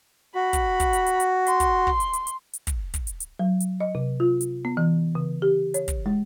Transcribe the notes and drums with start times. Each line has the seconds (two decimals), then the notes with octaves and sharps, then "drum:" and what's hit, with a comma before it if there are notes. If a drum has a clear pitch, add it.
0.35 F#4 B5
0.53 drum: kick, hi-hat
0.80 drum: kick, hi-hat
0.93 drum: hi-hat
1.07 drum: hi-hat
1.20 drum: hi-hat
1.47 C6, drum: hi-hat
1.60 drum: kick, hi-hat
1.87 drum: kick
2.00 drum: hi-hat
2.13 drum: hi-hat
2.27 drum: hi-hat
2.54 drum: hi-hat
2.67 drum: kick, hi-hat
2.94 drum: kick, hi-hat
3.07 drum: hi-hat
3.20 drum: hi-hat
3.39 F#3
3.61 drum: hi-hat
3.80 D#5
3.95 C3
4.20 F4
4.41 drum: hi-hat
4.65 B3
4.77 E3
5.15 C#3
5.42 G4
5.74 C#5, drum: hi-hat
5.88 drum: kick, hi-hat
6.06 G#3